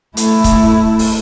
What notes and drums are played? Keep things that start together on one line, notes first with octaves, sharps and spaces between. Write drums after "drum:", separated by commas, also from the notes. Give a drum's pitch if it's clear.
A3 E4, drum: hi-hat
drum: kick, hi-hat
drum: open hi-hat